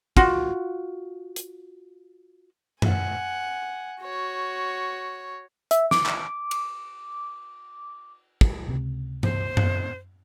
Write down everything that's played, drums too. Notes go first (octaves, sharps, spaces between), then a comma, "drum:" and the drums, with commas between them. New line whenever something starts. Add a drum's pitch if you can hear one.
F4 F#4, drum: kick
drum: hi-hat
F#5 G#5, drum: tom F#2
F#4 C#5
E5, drum: hi-hat
D6, drum: snare
drum: clap
drum: cymbal
drum: kick
C#2 C3
C5, drum: tom G2
drum: tom F#2